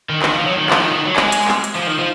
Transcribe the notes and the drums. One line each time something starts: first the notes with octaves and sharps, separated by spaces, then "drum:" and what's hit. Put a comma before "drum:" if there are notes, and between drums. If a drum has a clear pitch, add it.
D#3
D#3, drum: clap
F3
F#3
D#3
F3, drum: clap
D#3
D#3
F#3
G#3, drum: clap
drum: hi-hat
drum: clap
drum: hi-hat
F3
D#3
F3